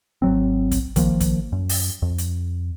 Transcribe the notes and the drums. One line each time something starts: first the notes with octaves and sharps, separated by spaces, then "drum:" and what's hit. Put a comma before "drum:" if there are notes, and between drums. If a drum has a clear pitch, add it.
G#1 F#3 C4
drum: kick, hi-hat
D#3 F3 A#3, drum: kick, hi-hat
drum: kick, hi-hat
F#2
drum: open hi-hat
F2
drum: hi-hat